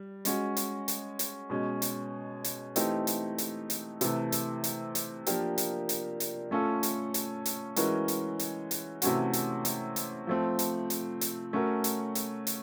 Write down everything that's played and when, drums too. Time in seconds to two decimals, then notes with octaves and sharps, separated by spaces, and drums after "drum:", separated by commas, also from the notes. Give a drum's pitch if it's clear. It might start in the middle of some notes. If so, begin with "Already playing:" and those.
Already playing: G3
0.25 G#3 C#4 F#4, drum: hi-hat
0.57 drum: hi-hat
0.88 drum: hi-hat
1.19 drum: hi-hat
1.50 B2 G#3 C#4
1.82 drum: hi-hat
2.44 drum: hi-hat
2.76 E3 A3 C4 D#4 G4, drum: hi-hat
3.07 drum: hi-hat
3.38 drum: hi-hat
3.70 drum: hi-hat
4.01 C3 E3 A3, drum: hi-hat
4.32 drum: hi-hat
4.64 drum: hi-hat
4.95 drum: hi-hat
5.26 F3 A#3 D4 G4 A#4, drum: hi-hat
5.58 drum: hi-hat
5.89 drum: hi-hat
6.20 drum: hi-hat
6.51 A3 C#4 F4 A4
6.83 drum: hi-hat
7.14 drum: hi-hat
7.46 drum: hi-hat
7.76 E3 G#3 C#4 F#4 A#4, drum: hi-hat
8.08 drum: hi-hat
8.39 drum: hi-hat
8.71 drum: hi-hat
9.02 C3 E3 A3 C#4 F#4, drum: hi-hat
9.33 drum: hi-hat
9.65 drum: hi-hat
9.96 drum: hi-hat
10.27 F3 A3 C4
10.59 drum: hi-hat
10.90 drum: hi-hat
11.21 drum: hi-hat
11.53 A3 C#4 F#4 A#4
11.84 drum: hi-hat
12.15 drum: hi-hat
12.47 drum: hi-hat